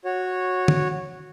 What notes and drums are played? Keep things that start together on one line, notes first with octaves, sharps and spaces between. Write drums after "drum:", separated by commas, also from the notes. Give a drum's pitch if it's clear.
F#4 C#5
drum: tom